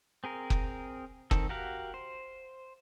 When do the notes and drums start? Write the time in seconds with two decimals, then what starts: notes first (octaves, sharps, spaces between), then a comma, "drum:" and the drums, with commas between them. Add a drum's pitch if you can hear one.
0.24 C4 G#4 A#4
0.50 drum: kick
1.31 D#3 C4 A4, drum: kick
1.49 F#4 G4 A#4 F5 F#5
1.94 C5